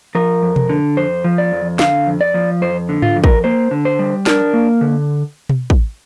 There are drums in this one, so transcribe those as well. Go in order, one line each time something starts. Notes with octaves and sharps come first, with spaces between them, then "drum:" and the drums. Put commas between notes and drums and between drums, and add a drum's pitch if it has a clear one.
F3 A#4
F2
drum: tom B2
D3
F2 C5
F3
D5
F2
D3 F5, drum: snare
F2
D5
F3
F2 C5
D3
F4, drum: tom G#2
F2
A#4, drum: kick
A#3 C5
D3
C5
G3
D4 A#4, drum: snare
A#3
D3
drum: tom B2
drum: kick